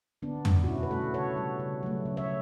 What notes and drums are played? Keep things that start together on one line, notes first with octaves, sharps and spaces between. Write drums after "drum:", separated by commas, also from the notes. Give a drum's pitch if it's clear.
D3 B3 D4
G3, drum: tom
F#4
B2 C#4 E4
B4
A3 F#4 A4
C#3 A4 C#5
G3
C#3
F#3 A3
C#3
C#5 E5